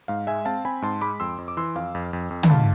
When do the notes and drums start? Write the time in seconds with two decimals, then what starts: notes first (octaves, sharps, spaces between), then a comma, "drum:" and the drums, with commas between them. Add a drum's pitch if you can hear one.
0.08 G#2 F5
0.27 G#3 E5 G#5
0.45 C4 F5 A5
0.65 C4 G#5 B5
0.82 G#2 A5 C6
1.01 G#3 B5 D6
1.20 F2 C6 E6
1.38 F2
1.48 D6
1.57 E3 C6 E6
1.75 F2 F5
1.95 F2
2.13 F2
2.31 F2
2.43 B5, drum: tom
2.50 G#2 F5 A5